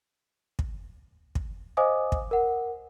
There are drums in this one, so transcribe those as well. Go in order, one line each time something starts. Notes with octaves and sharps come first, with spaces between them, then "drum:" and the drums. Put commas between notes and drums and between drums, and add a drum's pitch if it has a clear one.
drum: kick
drum: kick
C5 D#5 F5 G#5 D6 D#6
drum: kick
A#4 F#5